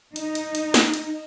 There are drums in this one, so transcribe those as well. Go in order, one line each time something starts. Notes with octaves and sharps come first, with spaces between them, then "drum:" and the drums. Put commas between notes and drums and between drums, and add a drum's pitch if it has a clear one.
D#4, drum: cymbal
drum: cymbal
drum: cymbal
drum: snare
drum: cymbal